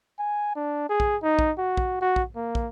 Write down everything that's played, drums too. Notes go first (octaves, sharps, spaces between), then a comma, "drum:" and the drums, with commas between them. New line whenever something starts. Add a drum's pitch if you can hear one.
G#5
D4
G#4
drum: kick
D#4
drum: kick
F#4
drum: kick
F#4
drum: kick
A#3
drum: kick